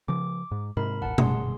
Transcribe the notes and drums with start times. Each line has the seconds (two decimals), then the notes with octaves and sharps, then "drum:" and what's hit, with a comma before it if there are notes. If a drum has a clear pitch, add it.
0.08 C#3 F3 D6
0.51 G#2
0.77 G#2 C3 A#4 B5
1.02 E1 A1 F#5 A5
1.18 F#1 G2 A#2 G#4 C6, drum: tom B2